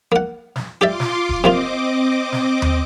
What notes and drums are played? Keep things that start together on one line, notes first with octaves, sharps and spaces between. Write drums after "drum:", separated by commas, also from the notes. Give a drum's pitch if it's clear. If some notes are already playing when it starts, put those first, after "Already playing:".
A#3 F#5
drum: snare
F4 G4 D5 E5 C6 D6
drum: snare
drum: kick D#1
C3 A#3 C4 F4 D#5 D6
drum: snare
drum: tom D#2